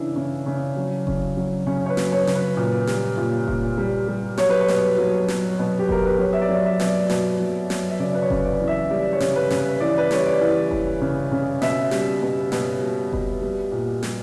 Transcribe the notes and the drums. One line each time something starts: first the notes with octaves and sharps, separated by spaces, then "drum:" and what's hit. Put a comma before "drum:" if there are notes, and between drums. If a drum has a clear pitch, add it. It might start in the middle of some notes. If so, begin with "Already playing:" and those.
Already playing: C#3 E3 D4 E4
C#3
C#3
F#3
C#3, drum: kick F1
F#3
C#3 C#4
C#5
B4
F#3, drum: snare
C#5
C#3, drum: snare
B4
A#2
G3, drum: snare
A#2
A#2, drum: kick F1
G3
G3
F#3 C#5, drum: snare
B4
C#5
B2, drum: snare
F#3
F#3, drum: snare
B2
G4
B2 A#4, drum: kick F1
B4
F#3 C#5
E5
D5
F#3
E5
B2, drum: snare
D5
B2, drum: snare
F#3
F#3, drum: snare
E5
C#3 D5
B4
C#5
C#3, drum: kick F1
D5
E3
E5
G3 D5
C#5
C#3, drum: snare
B4
C#3, drum: snare
B4
E3 D5
B4
G3 C#5, drum: snare
D5
E3
E3, drum: kick F1
C#3
C#3
B2 E5, drum: snare
G3, drum: snare
B2
B2, drum: snare
G3
B2, drum: kick F1
G3
A#2
G3, drum: snare